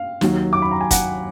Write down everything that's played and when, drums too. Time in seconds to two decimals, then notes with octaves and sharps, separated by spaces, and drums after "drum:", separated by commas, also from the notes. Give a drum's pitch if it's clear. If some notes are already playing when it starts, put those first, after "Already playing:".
Already playing: F5
0.21 D#2 D#3 F#3, drum: snare
0.53 D6
0.62 B5
0.71 A#5
0.81 G#5
0.91 F#5, drum: kick, hi-hat